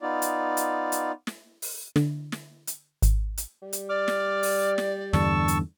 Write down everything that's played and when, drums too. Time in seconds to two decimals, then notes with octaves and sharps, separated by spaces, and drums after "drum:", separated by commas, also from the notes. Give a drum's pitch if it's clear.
0.01 B3 D#4 F4 D5
0.22 drum: hi-hat
0.57 drum: hi-hat
0.92 drum: hi-hat
1.27 drum: snare
1.62 drum: open hi-hat
1.96 D3, drum: snare
2.32 drum: snare
2.67 drum: hi-hat
3.02 G#1, drum: hi-hat
3.38 drum: hi-hat
3.62 G3
3.73 drum: hi-hat
3.89 D5 D6 F6
4.08 drum: snare
4.43 drum: open hi-hat
4.78 drum: snare
5.13 E2 G2 D3 A5 C#6 E6, drum: snare
5.48 drum: hi-hat